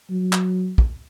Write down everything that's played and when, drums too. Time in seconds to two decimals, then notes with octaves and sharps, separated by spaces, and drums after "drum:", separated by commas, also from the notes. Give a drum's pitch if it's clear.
0.10 F#3
0.33 drum: clap
0.78 drum: kick